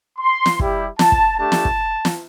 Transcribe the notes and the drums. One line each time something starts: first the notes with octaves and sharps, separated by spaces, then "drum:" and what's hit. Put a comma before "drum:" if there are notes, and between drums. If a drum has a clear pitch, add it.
C6
drum: snare
G3 E4 G4, drum: kick
A5, drum: snare
drum: kick
A3 D4 G4 A5
drum: snare
drum: kick
drum: snare